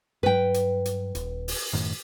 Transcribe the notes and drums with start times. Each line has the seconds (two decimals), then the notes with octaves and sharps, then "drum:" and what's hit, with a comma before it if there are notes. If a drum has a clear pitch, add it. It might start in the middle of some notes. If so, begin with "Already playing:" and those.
0.23 G2 F#3 B4 G5
0.54 drum: hi-hat
0.85 drum: hi-hat
1.15 D#1, drum: hi-hat
1.48 drum: open hi-hat
1.73 F#2 A2 D#3